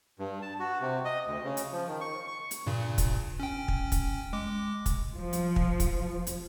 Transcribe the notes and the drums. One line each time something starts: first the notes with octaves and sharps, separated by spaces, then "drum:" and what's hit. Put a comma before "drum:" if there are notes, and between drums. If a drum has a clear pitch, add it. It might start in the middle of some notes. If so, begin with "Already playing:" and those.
G2
A5
F#4
C3
D#5
D2
C#3
drum: hi-hat
F3
D#3
C#6
C#6
drum: hi-hat
G2 A#2 C#3
drum: kick, hi-hat
C#4 G5
drum: kick
drum: kick, hi-hat
G#3 D6
drum: kick, hi-hat
F3
drum: hi-hat
drum: kick
drum: kick, hi-hat
drum: hi-hat